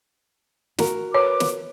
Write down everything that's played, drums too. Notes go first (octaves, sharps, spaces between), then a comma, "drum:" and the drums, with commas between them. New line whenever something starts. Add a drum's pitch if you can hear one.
F#4 A#4, drum: snare
B4 C#5 D6
drum: snare